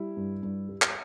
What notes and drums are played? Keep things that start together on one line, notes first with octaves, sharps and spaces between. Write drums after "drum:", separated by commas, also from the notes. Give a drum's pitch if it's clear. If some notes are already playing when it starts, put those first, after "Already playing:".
Already playing: G3 E4
G2
G2
G3
drum: clap